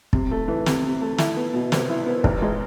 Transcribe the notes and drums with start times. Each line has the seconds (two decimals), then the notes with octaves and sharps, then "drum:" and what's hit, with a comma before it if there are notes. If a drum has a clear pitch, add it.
0.13 C3, drum: kick
0.31 A3
0.48 E3
0.66 C3, drum: snare
0.84 C3
1.01 A3
1.18 E4, drum: snare
1.36 B3
1.54 B2
1.72 C2, drum: snare
1.89 E4
2.06 B3
2.24 A1, drum: kick
2.42 G#3